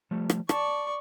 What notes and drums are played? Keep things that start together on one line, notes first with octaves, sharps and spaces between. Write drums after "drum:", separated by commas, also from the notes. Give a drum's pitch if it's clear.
F3 G3 A3
drum: rim click
D5 A5 C#6, drum: rim click